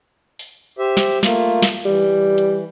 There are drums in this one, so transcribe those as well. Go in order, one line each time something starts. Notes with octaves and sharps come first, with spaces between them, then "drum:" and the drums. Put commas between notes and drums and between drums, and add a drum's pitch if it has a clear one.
drum: open hi-hat
G4 C5 E5
drum: snare
A3 A#3 F4, drum: snare
drum: snare
E3 G3
drum: hi-hat